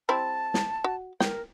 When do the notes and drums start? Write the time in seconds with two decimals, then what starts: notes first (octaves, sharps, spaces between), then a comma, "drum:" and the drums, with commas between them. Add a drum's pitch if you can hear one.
0.09 G3 C4 E4 A5
0.54 drum: snare
0.84 F#4
1.20 A#4 G5, drum: snare